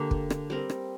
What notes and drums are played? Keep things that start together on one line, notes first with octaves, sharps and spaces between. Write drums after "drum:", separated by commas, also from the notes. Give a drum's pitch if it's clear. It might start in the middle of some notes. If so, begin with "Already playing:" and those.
Already playing: D3 A#3 G4
drum: kick
drum: rim click
G3 C4 A#4
drum: rim click